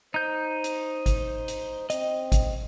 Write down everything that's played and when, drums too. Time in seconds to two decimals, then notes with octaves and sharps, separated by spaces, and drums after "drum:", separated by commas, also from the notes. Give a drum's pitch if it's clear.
0.14 D#4 C5 G6
0.64 drum: hi-hat
1.06 drum: kick G#1, hi-hat
1.48 drum: hi-hat
1.90 C4 D#5, drum: hi-hat
2.32 drum: kick G#1, hi-hat